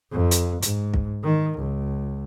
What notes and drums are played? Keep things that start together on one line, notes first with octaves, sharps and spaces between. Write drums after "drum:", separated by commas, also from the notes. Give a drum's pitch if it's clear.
F2
drum: hi-hat
G#2, drum: hi-hat
drum: kick
D#3
C#2